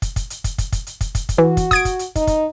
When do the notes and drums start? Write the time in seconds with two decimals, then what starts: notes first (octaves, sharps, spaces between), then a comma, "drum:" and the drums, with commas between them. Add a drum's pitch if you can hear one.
0.02 drum: kick, hi-hat
0.16 drum: kick, hi-hat
0.30 drum: hi-hat
0.44 drum: kick, hi-hat
0.58 drum: kick, hi-hat
0.72 drum: kick, hi-hat
0.87 drum: hi-hat
1.01 drum: kick, hi-hat
1.15 drum: kick, hi-hat
1.29 drum: kick, hi-hat
1.38 E3 F#4
1.57 drum: kick, hi-hat
1.71 D#6 G#6 D7, drum: kick, hi-hat
1.85 drum: kick, hi-hat
1.99 drum: hi-hat
2.16 D#4, drum: kick, hi-hat
2.27 drum: kick, hi-hat